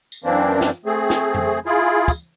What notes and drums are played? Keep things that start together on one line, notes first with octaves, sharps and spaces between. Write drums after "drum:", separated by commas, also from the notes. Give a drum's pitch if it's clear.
drum: tambourine
F#2 E3 A#3 C4 D4
drum: snare
A3 C4 G#4
drum: snare
drum: tom F2
E4 F4 G#4
drum: kick, tambourine